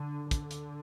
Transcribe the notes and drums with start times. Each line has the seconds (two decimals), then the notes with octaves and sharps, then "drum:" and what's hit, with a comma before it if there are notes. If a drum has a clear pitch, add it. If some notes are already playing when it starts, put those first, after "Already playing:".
Already playing: D3
0.31 D3, drum: kick, hi-hat
0.51 drum: hi-hat